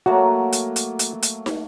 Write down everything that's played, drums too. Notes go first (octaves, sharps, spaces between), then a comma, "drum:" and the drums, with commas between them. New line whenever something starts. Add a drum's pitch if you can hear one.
F#3 A3 A#3 F#4
drum: hi-hat
drum: hi-hat
drum: hi-hat
drum: hi-hat
drum: snare